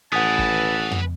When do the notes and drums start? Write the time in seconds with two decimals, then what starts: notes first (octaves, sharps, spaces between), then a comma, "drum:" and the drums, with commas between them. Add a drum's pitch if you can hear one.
0.12 A1 B4 F#5 G#5 A5 D#6
0.39 drum: kick F#1
0.91 drum: tom